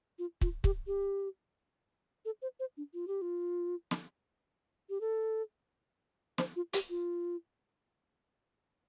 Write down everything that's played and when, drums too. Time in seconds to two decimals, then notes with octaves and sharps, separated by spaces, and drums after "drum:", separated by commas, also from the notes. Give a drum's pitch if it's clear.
0.19 F4
0.41 F4, drum: kick
0.64 G4, drum: kick
0.87 G4
2.25 A4
2.42 C5
2.60 C5
2.77 D4
2.94 F4
3.08 G4
3.22 F4
3.91 drum: snare
4.90 G4
5.01 A4
6.38 C5, drum: snare
6.56 F4
6.73 G4, drum: hi-hat
6.90 F4